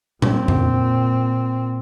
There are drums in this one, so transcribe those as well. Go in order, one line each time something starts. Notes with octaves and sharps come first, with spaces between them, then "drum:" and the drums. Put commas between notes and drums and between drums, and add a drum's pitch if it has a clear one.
A#2 C4, drum: tom A#2
drum: tom F2